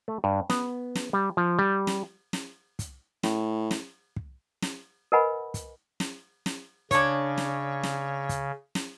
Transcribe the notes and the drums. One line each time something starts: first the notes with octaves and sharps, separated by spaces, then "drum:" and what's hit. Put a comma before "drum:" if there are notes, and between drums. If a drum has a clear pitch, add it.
A3
G2
B3, drum: snare
drum: snare
G3
F3
G3
drum: snare
drum: snare
drum: kick, hi-hat
A2, drum: snare
drum: snare
drum: kick
drum: snare
A#4 B4 D#5 F#5 G#5 B5
drum: kick, hi-hat
drum: snare
drum: snare
C#3 D4 C#5, drum: kick, hi-hat
drum: snare
drum: snare
drum: kick, hi-hat
drum: snare